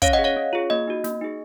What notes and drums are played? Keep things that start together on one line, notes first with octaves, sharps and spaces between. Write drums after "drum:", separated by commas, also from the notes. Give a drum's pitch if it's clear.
C#4 C#5 F5, drum: kick, hi-hat
D#5 F#5
G#4
C#5 F5
C#4
F4 G#4
A#3 D#5
D#4 F#4
A#3, drum: snare
D#4 G#4